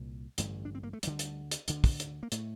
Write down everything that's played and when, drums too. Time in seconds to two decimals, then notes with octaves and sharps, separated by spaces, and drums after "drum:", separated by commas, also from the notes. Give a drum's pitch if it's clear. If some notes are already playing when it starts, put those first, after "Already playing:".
Already playing: C2 A#2
0.38 A1 G2 D3, drum: hi-hat
0.65 D4
0.75 C4
0.83 A#3
0.93 A3
1.03 D2 D3 G3, drum: hi-hat
1.19 drum: hi-hat
1.51 drum: hi-hat
1.68 D2 D3, drum: hi-hat
1.84 drum: kick, open hi-hat
2.00 drum: hi-hat
2.23 A#3
2.32 A2 A3, drum: hi-hat